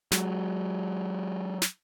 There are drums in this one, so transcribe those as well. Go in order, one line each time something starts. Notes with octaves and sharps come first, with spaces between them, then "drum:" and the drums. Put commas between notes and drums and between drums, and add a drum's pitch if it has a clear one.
F#3 G#3, drum: snare
drum: snare